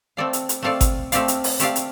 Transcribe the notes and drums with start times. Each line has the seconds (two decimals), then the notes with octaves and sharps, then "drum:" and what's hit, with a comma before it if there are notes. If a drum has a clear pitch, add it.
0.17 A3 C4 A4 D5 F5
0.33 drum: hi-hat
0.49 drum: hi-hat
0.62 A3 C4 A4 D5 F5
0.81 drum: kick G#1, hi-hat
1.12 A3 C4 G4 D5 F5, drum: hi-hat
1.28 drum: hi-hat
1.44 drum: open hi-hat
1.60 A3 C4 G4 D5 F5, drum: hi-hat
1.76 drum: hi-hat